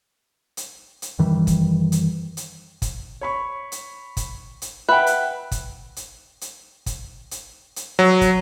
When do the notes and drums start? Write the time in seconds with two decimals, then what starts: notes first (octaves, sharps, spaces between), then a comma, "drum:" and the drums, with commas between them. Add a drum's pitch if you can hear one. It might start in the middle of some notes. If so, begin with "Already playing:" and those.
0.57 drum: hi-hat
1.02 drum: hi-hat
1.19 F#2 D#3 E3 G3
1.47 drum: kick, hi-hat
1.92 drum: hi-hat
2.37 drum: hi-hat
2.82 drum: kick, hi-hat
3.21 C#5 B5 C#6
3.72 drum: hi-hat
4.17 drum: kick, hi-hat
4.62 drum: hi-hat
4.89 B4 E5 F#5 G5
5.07 drum: hi-hat
5.52 drum: kick, hi-hat
5.96 drum: hi-hat
6.41 drum: hi-hat
6.86 drum: kick, hi-hat
7.31 drum: hi-hat
7.76 drum: hi-hat
7.99 F#3
8.21 drum: kick, hi-hat